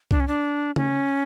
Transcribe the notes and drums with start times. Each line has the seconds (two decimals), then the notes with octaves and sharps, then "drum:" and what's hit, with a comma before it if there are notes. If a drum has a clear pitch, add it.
0.11 D4, drum: kick C2
0.20 C#4
0.27 D4
0.76 C#4, drum: tom C#3